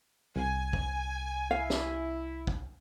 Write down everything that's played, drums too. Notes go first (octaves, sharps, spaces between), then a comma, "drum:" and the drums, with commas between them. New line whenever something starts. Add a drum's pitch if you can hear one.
C2 G#5
drum: kick
E4 F5
drum: snare
drum: kick